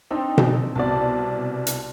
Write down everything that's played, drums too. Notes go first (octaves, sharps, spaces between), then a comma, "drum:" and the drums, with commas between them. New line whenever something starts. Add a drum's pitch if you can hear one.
C4 D4 D#4
drum: tom B2
C2 B2 D5 A5
drum: hi-hat